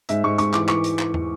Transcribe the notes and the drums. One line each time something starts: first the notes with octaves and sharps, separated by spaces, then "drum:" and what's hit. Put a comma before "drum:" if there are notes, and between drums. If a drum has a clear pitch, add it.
G#2 E5, drum: hi-hat
G#2 C#6
G#2 C#6, drum: hi-hat
E3 D6, drum: clap
E3 C#6, drum: clap
drum: hi-hat
drum: clap
drum: tom